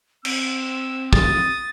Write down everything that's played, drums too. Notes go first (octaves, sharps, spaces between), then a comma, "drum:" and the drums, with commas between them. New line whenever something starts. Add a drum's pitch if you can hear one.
C4 E6, drum: cymbal
D#6 A6, drum: kick